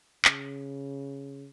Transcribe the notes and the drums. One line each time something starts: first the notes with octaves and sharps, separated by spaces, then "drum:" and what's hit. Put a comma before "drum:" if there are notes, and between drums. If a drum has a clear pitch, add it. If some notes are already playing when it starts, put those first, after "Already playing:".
C#3, drum: clap